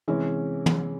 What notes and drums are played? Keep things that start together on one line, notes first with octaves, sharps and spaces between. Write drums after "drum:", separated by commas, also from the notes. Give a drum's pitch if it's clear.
C3 E3 G#3 C#4 E4
drum: tom